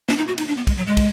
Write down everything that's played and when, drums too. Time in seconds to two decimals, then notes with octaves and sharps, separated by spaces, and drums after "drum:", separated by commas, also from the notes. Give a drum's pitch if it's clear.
0.09 D4, drum: snare
0.18 D#4
0.28 F#4
0.38 D#4, drum: cymbal
0.48 D4
0.57 B3
0.67 G#3, drum: kick, cymbal
0.77 F#3
0.87 G#3
0.97 drum: kick, cymbal